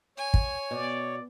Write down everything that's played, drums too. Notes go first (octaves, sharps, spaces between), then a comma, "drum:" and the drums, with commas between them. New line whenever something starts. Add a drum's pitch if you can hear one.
C#5 G#5
drum: kick
B2 D5